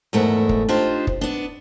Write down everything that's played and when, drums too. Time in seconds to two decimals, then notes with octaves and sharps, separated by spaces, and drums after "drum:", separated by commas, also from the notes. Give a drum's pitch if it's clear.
0.13 E2 G#2 A3 A#4 F#5
0.49 drum: kick
0.69 D4 D#4 F4 G4 C5
1.07 drum: kick
1.21 B3 D4